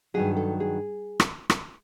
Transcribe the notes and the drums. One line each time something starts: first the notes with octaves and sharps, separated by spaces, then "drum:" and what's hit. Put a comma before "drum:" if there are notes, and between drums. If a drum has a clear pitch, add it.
G2 D#3 F#3 G#4
A4
G#4
drum: rim click
drum: rim click